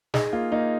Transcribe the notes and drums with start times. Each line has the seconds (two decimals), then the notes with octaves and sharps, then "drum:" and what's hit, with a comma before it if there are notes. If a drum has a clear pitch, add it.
0.14 D#4 G#4, drum: snare
0.33 A#3 F4
0.52 A#3 D#4